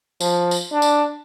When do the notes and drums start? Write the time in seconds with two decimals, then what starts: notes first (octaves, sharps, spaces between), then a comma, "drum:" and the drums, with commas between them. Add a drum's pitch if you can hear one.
0.21 F3, drum: tambourine
0.51 drum: tambourine
0.72 D4
0.82 drum: tambourine